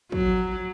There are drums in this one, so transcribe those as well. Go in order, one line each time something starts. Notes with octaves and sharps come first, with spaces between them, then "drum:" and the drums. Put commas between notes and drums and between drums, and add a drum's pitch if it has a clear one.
F#3, drum: kick